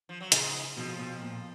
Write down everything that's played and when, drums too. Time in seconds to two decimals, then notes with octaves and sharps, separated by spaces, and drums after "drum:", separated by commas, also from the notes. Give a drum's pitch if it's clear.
0.09 F3
0.20 F#3
0.32 G#2 C#3 G#3, drum: hi-hat
0.76 F2 B2 F3
0.99 B2
1.21 A#2